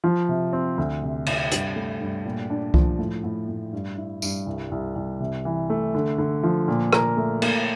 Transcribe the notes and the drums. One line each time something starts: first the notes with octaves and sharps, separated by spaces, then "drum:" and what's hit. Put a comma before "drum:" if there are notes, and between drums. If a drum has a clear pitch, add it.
F3
C3
C4
D2
C3
C3, drum: cymbal
G2, drum: hi-hat
A3
G2
A#2
D4
F3, drum: kick C2
A2
A2
A2
G2
E4
G2, drum: tambourine
C2
C2
C2
C3
E3
A3
D3
D3
F3
A#2
A#4, drum: rim click
A3
A#3, drum: cymbal